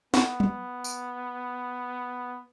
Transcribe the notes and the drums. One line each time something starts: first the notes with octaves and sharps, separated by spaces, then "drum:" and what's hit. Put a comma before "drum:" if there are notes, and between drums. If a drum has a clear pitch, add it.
B3 F#4, drum: snare
drum: tom
drum: tambourine